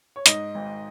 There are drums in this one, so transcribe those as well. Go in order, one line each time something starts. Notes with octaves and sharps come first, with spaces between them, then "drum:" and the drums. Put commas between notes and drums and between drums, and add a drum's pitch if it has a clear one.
C#5
G#2 D#5, drum: hi-hat
G#1